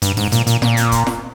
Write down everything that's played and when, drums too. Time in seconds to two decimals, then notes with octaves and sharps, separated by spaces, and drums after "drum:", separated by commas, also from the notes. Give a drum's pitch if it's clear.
0.02 G2, drum: hi-hat
0.17 G#2, drum: open hi-hat
0.32 A#2, drum: hi-hat
0.47 A#2, drum: hi-hat
0.62 A#2, drum: snare
0.77 drum: hi-hat
0.92 drum: kick, hi-hat
1.07 drum: snare